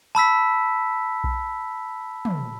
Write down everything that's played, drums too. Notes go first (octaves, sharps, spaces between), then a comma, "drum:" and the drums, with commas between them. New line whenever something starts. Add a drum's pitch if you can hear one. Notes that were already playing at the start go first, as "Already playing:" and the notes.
A5 B5 E6 B6
drum: kick B1
drum: tom